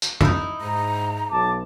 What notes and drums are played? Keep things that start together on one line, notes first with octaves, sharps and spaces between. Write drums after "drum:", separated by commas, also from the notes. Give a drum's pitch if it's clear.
drum: tambourine
D#4 E4, drum: tom F2
G#2 A#5
B1 A5 D6